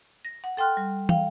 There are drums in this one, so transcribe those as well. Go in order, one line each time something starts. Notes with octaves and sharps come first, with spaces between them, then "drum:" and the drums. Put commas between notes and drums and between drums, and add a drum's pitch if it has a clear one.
A#6
F#5
A4 G5 C6 F6 F#6
G3
F5 G5, drum: tom